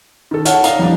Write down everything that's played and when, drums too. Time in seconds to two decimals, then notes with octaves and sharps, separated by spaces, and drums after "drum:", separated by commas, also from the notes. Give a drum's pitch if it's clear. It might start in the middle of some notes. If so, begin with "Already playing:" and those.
0.31 D#3 A4
0.45 C#5 F#5 A5 F6, drum: hi-hat
0.64 D5 D#5 F5 A#5, drum: hi-hat
0.79 F2 E3 G3 D4